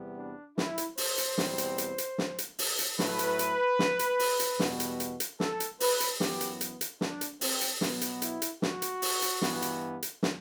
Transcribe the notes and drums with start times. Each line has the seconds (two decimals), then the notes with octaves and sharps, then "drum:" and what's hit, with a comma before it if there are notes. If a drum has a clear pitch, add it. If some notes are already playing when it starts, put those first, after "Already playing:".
Already playing: E2 C3 G3 B3
0.18 D4
0.58 E4, drum: snare
0.78 drum: hi-hat
0.98 C5, drum: open hi-hat
1.18 drum: hi-hat
1.38 E2 B2 G3 C4, drum: snare
1.58 drum: hi-hat
1.78 drum: hi-hat
1.98 drum: hi-hat
2.18 drum: snare
2.38 drum: hi-hat
2.59 drum: open hi-hat
2.79 drum: hi-hat
2.99 A2 F#3 A3 B4, drum: snare
3.19 drum: hi-hat
3.39 drum: hi-hat
3.79 drum: snare
3.99 drum: hi-hat
4.19 drum: open hi-hat
4.40 drum: hi-hat
4.60 E2 B2 G3 B3, drum: snare
4.80 drum: hi-hat
5.00 drum: hi-hat
5.20 drum: hi-hat
5.40 A4, drum: snare
5.60 drum: hi-hat
5.80 B4, drum: open hi-hat
6.00 drum: hi-hat
6.20 F#2 E3 B3 G4, drum: snare
6.41 drum: hi-hat
6.61 drum: hi-hat
6.81 drum: hi-hat
7.01 D4, drum: snare
7.21 drum: hi-hat
7.41 C4, drum: open hi-hat
7.61 drum: hi-hat
7.81 B2 F#3 B3, drum: snare
8.01 drum: hi-hat
8.22 E4, drum: hi-hat
8.42 drum: hi-hat
8.62 F#4, drum: snare
8.82 drum: hi-hat
9.02 drum: open hi-hat
9.22 drum: hi-hat
9.42 G2 E3 B3, drum: snare
9.62 drum: hi-hat
10.02 drum: hi-hat
10.23 drum: snare